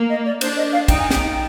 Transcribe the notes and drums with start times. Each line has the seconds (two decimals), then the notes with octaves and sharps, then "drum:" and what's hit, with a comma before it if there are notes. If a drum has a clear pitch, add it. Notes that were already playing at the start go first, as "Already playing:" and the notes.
Already playing: A#3
0.10 D#5
0.26 D5
0.41 D4 C5, drum: cymbal
0.57 D#5
0.73 F5
0.88 D#4 G5, drum: kick A#1, cymbal
1.00 G#5
1.11 G5, drum: snare